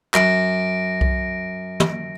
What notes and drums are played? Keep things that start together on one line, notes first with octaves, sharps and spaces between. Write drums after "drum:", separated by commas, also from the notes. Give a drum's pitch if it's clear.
F#2 A#6 D7, drum: clap
drum: kick C2
drum: tom